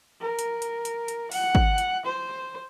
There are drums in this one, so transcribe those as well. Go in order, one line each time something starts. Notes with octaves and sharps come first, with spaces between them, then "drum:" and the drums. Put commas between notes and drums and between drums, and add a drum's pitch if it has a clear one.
A#4
drum: hi-hat
drum: hi-hat
drum: hi-hat
drum: hi-hat
F#5, drum: open hi-hat
drum: kick
drum: hi-hat
C5